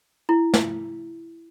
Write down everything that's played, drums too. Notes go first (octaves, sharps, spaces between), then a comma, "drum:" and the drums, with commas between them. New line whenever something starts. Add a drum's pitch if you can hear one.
E4
drum: snare